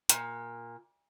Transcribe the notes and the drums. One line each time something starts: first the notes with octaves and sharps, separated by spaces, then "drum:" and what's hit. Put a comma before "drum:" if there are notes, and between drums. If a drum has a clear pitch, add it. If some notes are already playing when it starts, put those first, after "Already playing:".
A#2, drum: hi-hat